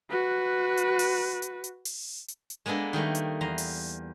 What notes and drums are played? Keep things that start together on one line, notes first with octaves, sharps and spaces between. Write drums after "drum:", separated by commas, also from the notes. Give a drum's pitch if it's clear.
F#4 B4
drum: hi-hat
drum: open hi-hat
drum: hi-hat
drum: hi-hat
drum: open hi-hat
drum: hi-hat
drum: hi-hat
G#3 A#3 B3 D4 A4
D#3 G3 A3 A#3
drum: hi-hat
E2 A#5 C6
drum: open hi-hat